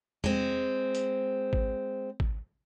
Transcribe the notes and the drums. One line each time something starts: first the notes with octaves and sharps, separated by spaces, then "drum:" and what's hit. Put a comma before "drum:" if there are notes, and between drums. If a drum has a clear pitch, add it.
G#3 C4, drum: tom E2
drum: hi-hat
drum: kick G#1
drum: kick G#1